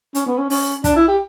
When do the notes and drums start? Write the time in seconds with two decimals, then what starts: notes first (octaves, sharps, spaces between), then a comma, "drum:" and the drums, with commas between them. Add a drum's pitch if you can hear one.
0.15 C#4, drum: hi-hat
0.26 B3
0.38 C#4
0.50 C#4, drum: open hi-hat
0.84 D4, drum: kick, hi-hat
0.96 E4
1.08 G4